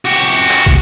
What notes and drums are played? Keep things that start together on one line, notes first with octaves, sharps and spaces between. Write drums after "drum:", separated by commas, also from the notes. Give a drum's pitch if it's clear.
F#4 G4
drum: clap
drum: kick